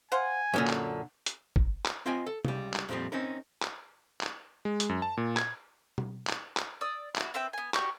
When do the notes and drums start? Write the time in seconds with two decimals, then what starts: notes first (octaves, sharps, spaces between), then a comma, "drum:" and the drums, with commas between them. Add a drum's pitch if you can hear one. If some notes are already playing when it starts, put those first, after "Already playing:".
0.12 C5 F5 F#5 G#5
0.54 F#2 A#2 D3 C#4
0.67 drum: clap
1.26 drum: hi-hat
1.56 drum: kick
1.85 drum: clap
2.06 C4 F4 D#5 G5 G#5
2.27 A4
2.45 C#2 G3, drum: tom C3
2.74 drum: clap
2.89 F2 A#2 F3 G3 C4
3.12 C4 C#4 D#4 A#4
3.62 drum: clap
4.21 drum: clap
4.65 G#3
4.80 drum: hi-hat
4.89 F#2
5.02 A5
5.17 A#2
5.37 G#6, drum: clap
5.98 drum: tom B2
6.27 drum: clap
6.57 drum: clap
6.81 D5 D#6 E6
7.16 E4 F#4, drum: clap
7.34 C4 B4 E5 G5
7.53 B3 G#5
7.74 F#4 G4 D5 C#6, drum: clap